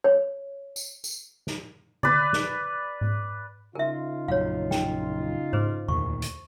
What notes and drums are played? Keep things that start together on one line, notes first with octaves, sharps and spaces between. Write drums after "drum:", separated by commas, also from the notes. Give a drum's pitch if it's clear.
C#5
drum: tambourine
drum: tambourine
drum: snare
B4 D5, drum: tom
drum: snare
drum: tom G#2
C#3 D#4 F4 A#4 E5
A#1 F#2 C#5 F5
G5, drum: snare
G#4 B4 C5, drum: tom G#2
D2 A#2 D#3 C#6, drum: tom E2
drum: hi-hat